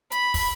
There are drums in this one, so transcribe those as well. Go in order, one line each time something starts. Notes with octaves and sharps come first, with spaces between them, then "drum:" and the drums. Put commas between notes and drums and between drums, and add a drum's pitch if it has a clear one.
B5, drum: hi-hat
drum: kick, open hi-hat